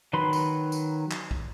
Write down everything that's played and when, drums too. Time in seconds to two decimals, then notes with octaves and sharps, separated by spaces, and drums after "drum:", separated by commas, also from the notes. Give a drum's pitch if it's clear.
0.13 D#3 F#3 B4 B5 C6
0.33 drum: tambourine
0.72 drum: tambourine
1.11 drum: clap
1.31 drum: kick